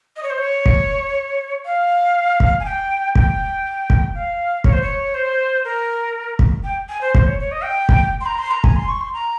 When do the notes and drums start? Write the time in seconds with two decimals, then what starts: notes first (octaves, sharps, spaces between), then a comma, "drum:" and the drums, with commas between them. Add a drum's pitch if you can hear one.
0.16 D#5
0.23 C#5
0.30 C5
0.38 C#5
0.66 drum: kick
1.65 F5
2.40 drum: kick
2.60 G#5
2.65 G5
3.15 G5, drum: kick
3.90 drum: kick
4.15 F5
4.64 C#5, drum: kick
4.73 C5
4.82 C#5
5.14 C5
5.65 A#4
6.39 drum: kick
6.64 G5
6.89 G#5
7.01 C5
7.15 C5, drum: kick
7.26 C#5
7.39 C#5
7.52 D#5
7.63 G5
7.89 drum: kick
8.21 C6
8.26 A#5
8.39 C6
8.51 A#5
8.64 G#5, drum: kick
8.76 C6
8.88 C#6
9.01 C6
9.14 A#5